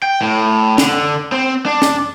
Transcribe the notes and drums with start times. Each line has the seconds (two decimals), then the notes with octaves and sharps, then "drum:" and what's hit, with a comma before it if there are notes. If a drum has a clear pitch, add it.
0.03 G5
0.22 A2
0.78 D3, drum: snare
1.32 C4
1.66 D4
1.82 drum: snare